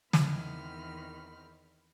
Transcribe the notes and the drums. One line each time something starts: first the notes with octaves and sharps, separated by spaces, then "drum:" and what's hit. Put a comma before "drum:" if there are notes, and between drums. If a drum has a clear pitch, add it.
E2 D#3 C4 B5 F6, drum: snare